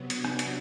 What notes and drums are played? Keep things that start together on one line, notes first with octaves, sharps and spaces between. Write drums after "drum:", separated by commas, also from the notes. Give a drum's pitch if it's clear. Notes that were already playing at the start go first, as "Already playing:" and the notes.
Already playing: C3 F#3 B3
D4, drum: hi-hat
drum: rim click
drum: hi-hat